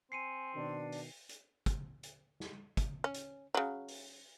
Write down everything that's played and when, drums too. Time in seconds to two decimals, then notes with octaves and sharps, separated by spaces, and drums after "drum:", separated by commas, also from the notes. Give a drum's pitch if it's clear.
0.12 C4 G#5 C7 C#7 D#7
0.55 B2 D#3 D4
0.92 drum: open hi-hat
1.29 drum: hi-hat
1.66 drum: kick, hi-hat
2.03 drum: hi-hat
2.40 drum: snare
2.77 drum: kick, hi-hat
3.04 C#4
3.14 drum: hi-hat
3.54 C#3 F#3
3.88 drum: open hi-hat